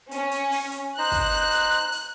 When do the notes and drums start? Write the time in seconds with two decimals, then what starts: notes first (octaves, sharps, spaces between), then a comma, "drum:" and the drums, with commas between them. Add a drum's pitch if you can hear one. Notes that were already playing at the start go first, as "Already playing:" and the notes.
0.11 C#4, drum: hi-hat
0.31 drum: hi-hat
0.51 drum: open hi-hat
0.72 drum: hi-hat
0.98 D#4 C5 A#5 F#6
1.12 drum: kick, hi-hat
1.32 drum: hi-hat
1.52 drum: hi-hat
1.72 drum: hi-hat
1.92 drum: hi-hat